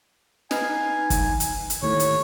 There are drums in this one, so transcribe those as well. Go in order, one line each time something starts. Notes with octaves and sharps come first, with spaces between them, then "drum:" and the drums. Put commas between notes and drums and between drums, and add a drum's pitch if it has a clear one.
D#4 B4 F5 G#5, drum: snare
drum: kick, hi-hat
drum: hi-hat
drum: hi-hat
D#2 A2 C#5
drum: hi-hat